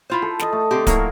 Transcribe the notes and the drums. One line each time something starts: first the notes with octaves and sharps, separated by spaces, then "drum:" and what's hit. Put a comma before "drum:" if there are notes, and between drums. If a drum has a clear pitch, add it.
E4 F4 C5
A4
D#5 A5, drum: snare
A3
D3 C4 G4
F#3 A#3 E4 F4 A#4, drum: kick D1, hi-hat